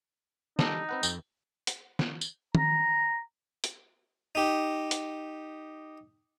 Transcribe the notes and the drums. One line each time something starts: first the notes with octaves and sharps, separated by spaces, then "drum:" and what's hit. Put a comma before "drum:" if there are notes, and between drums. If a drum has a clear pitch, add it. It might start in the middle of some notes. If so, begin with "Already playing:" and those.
G3 D4 D#4 A4, drum: snare
C4 B4 F#5
F2 C4 G5, drum: tambourine
drum: hi-hat
drum: snare
drum: tambourine
A#5, drum: tom D#3
drum: hi-hat
D#4 G4
drum: hi-hat